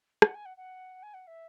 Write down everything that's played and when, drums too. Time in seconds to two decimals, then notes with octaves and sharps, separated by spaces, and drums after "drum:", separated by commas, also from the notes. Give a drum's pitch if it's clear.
0.22 F#5, drum: rim click
0.34 G#5
0.45 F#5
0.57 F#5
1.02 G#5
1.14 F#5
1.27 E5